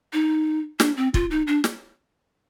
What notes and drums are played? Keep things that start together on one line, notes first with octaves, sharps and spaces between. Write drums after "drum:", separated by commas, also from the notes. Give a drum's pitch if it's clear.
D#4
D4, drum: snare
C4
F4, drum: kick
D#4
D4
drum: snare